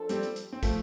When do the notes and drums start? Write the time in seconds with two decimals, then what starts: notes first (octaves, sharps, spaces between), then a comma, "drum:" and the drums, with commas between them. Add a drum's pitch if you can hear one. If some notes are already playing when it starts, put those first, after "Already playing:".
Already playing: F3 D4 F4 A4
0.09 G3 C4, drum: hi-hat
0.23 drum: hi-hat
0.36 drum: hi-hat
0.53 C4
0.63 F3 A3, drum: kick, hi-hat